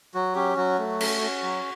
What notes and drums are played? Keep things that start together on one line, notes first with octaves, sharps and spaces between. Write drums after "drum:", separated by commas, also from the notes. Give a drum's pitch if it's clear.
F#3 F#4
C#4 G4
F#3 F#4
A3
C#4, drum: cymbal
C#4
F#3